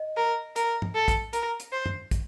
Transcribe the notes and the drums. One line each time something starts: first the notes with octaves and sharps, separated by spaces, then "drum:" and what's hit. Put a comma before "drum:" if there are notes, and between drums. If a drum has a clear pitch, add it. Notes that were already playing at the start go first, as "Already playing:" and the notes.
Already playing: D#5
A#4
A#4, drum: hi-hat
drum: tom
A4
drum: kick, hi-hat
A#4, drum: hi-hat
drum: hi-hat
C5
drum: tom
drum: kick, hi-hat